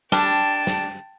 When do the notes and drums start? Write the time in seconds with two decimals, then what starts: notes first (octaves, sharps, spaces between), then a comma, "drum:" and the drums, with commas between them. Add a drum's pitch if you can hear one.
0.12 G3 D4 G5 A5, drum: snare
0.67 drum: snare